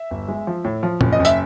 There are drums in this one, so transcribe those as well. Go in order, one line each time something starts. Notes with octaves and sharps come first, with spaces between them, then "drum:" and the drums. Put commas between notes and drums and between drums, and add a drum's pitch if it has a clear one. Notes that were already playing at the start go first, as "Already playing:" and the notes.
Already playing: E5
G1
G#3
F3
A2
F3
F#1, drum: tom A#2
D#5
F#1
E5, drum: tambourine